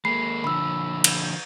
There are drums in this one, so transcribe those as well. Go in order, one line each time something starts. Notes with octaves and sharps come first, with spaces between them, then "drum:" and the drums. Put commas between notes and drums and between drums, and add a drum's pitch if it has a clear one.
G#3 A#3 B5 C7
D3 F3 B5 E6
drum: cymbal